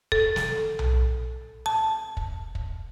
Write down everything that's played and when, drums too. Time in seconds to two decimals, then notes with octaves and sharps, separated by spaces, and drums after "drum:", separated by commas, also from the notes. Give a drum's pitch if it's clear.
0.12 A4, drum: kick
0.36 drum: snare
0.79 drum: tom B1
1.66 A5
2.17 drum: kick
2.55 drum: kick